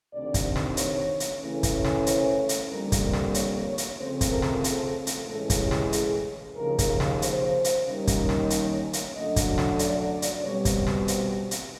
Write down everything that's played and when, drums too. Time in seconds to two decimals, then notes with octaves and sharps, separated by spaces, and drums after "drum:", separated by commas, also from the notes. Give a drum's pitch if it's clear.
0.13 D2 C3 D#3 D5
0.34 drum: kick, hi-hat
0.56 drum: snare
0.77 C#5, drum: hi-hat
1.20 drum: hi-hat
1.41 C#3 E3 A3 C#4
1.63 drum: kick, hi-hat
1.85 drum: snare
2.06 C5, drum: hi-hat
2.49 drum: hi-hat
2.70 F2 D3 G3 A#3 A#4
2.92 drum: kick, hi-hat
3.13 drum: snare
3.34 C#5, drum: hi-hat
3.68 C#5
3.78 drum: hi-hat
3.99 C#3 F3 A3 C4 C5
4.21 drum: kick, hi-hat
4.31 A#4
4.42 drum: snare
4.64 A4, drum: hi-hat
5.07 drum: hi-hat
5.28 A2 E3 G#3 C#4 A4
5.50 drum: kick, hi-hat
5.60 G4
5.71 drum: snare
5.93 G#4, drum: hi-hat
6.57 D#2 C#3 F3 A#4
6.79 drum: kick, hi-hat
7.00 drum: snare
7.22 C5, drum: hi-hat
7.64 drum: hi-hat
7.86 D#2 D#3 G3 A#3 C#4
8.07 drum: kick, hi-hat
8.29 drum: snare
8.50 drum: hi-hat
8.93 drum: hi-hat
9.15 F#2 D3 F#3 A3 D#5
9.36 drum: kick, hi-hat
9.58 drum: snare
9.79 D5, drum: hi-hat
10.12 D5
10.22 drum: hi-hat
10.43 B2 G3 C4 C#5
10.65 drum: kick, hi-hat
10.87 drum: snare
11.08 C5, drum: hi-hat
11.51 drum: hi-hat